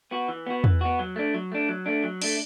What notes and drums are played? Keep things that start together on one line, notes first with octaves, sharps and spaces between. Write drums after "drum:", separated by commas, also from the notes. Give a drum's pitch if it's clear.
B3 F#4
E3
B3 F#4
E3, drum: tom
B3 F#4
F#3
A3 D4
F#3
A3 D4
F#3
A3 D4
F#3
A3 D4, drum: cymbal